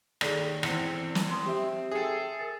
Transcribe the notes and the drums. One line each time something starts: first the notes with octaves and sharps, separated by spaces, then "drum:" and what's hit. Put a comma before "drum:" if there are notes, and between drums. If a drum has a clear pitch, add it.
D#2 G#4 A4 D5, drum: rim click
E2 C4 C#7, drum: rim click
drum: snare
C6 D#6
C4 G4 E5
G#4 A4 E5 G5
A#4 A6